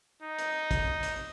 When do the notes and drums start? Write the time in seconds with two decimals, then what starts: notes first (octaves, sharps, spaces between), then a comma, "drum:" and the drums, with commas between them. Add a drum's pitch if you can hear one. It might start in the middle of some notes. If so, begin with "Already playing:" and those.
0.22 D#4
0.39 drum: hi-hat
0.71 drum: kick, hi-hat
1.03 drum: hi-hat